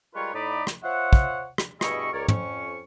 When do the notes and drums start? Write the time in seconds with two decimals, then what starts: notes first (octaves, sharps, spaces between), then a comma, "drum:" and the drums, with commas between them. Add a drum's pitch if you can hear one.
0.15 G3 G#3 F4 A#4 B4 C#5
0.34 A2 D#4 D5 B5
0.67 drum: rim click
0.84 F4 C5 C#5 E5 F#5
1.13 drum: kick
1.58 drum: rim click
1.81 G2 B2 E4 G#4 D#5 C#6, drum: rim click
2.13 C#2 A#4 C#5 D5
2.28 F2 C#4 C#6, drum: tom